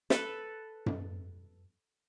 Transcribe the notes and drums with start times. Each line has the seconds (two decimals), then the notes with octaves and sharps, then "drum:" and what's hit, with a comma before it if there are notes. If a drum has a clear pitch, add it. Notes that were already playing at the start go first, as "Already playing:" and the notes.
0.10 A4 B4, drum: snare
0.86 drum: tom F#2